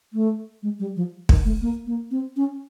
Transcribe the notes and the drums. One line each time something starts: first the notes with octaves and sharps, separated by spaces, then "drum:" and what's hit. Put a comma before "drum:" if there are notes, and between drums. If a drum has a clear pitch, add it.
A3
G#3
G3
F3
D#3, drum: kick
A3
A#3
A#3
C4
C#4